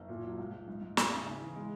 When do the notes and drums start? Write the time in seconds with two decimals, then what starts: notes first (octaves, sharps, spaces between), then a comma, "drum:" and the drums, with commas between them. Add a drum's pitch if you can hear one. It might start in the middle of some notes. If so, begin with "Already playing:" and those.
Already playing: F#1
0.08 A#2
0.23 F#3
0.38 C#2
0.52 C#2
0.68 G#2
0.81 G#2
0.97 D#2, drum: snare
1.12 C#3
1.27 C#3
1.40 E3
1.55 G#3